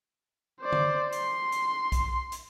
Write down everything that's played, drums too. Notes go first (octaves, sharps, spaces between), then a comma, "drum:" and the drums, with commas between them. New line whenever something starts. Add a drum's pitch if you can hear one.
C5 D5
drum: tom
C6, drum: hi-hat
drum: hi-hat
drum: kick, hi-hat
drum: hi-hat